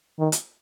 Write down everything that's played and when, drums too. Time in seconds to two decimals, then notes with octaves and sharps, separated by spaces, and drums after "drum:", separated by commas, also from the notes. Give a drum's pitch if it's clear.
0.19 D#3
0.32 drum: hi-hat